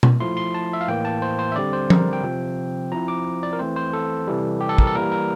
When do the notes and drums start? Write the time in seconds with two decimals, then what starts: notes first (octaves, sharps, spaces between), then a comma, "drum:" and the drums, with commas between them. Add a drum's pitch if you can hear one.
0.03 drum: tom B2
0.20 F3 A3 E4 C6
0.37 C6
0.54 A5
0.73 E5
0.81 F5
0.88 A2 E3 A#3 G5
1.05 A5
1.22 C5
1.39 C5
1.52 E5
1.56 D3 G3 C4 D5
1.73 C5
1.90 A#4, drum: tom F3
2.13 G5
2.23 C3 F3 C4
2.92 F3 C4 E4 A#5
3.08 D6
3.43 D5
3.53 A#4
3.59 E3 A3 C4 C5
3.76 C5
3.93 A4
4.27 C3 E3 G3
4.61 G4
4.69 A4
4.78 A#4, drum: kick
4.87 A4
4.95 E3 G3 A#3 A#4
5.12 A#4